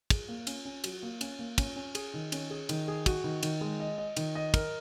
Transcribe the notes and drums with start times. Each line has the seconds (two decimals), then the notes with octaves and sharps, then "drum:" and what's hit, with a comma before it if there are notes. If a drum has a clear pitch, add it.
0.10 G#4, drum: kick, cymbal
0.29 A#3
0.47 C#4, drum: cymbal
0.65 C#4
0.84 F#3, drum: cymbal
1.03 A#3
1.21 C#4, drum: cymbal
1.39 A#3
1.58 C#4, drum: kick, cymbal
1.76 C#4
1.95 G#4, drum: cymbal
2.14 D#3
2.32 C#4, drum: cymbal
2.51 G#4
2.69 D#3, drum: cymbal
2.88 G#4
3.06 F#4, drum: kick, cymbal
3.24 D#3
3.43 D#3, drum: cymbal
3.61 G#3
3.80 D#5
3.98 D#5
4.17 D#3, drum: cymbal
4.35 D#5
4.54 A#4, drum: kick, cymbal